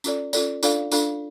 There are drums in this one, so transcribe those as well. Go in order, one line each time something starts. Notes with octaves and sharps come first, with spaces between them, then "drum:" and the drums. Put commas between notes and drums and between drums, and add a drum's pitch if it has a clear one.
C#4 F4 A4 D5, drum: tambourine
C#4 F4 A4 D5, drum: tambourine
D4 F4 A4 D5 F5, drum: tambourine
D4 F4 A4 D5 F5, drum: tambourine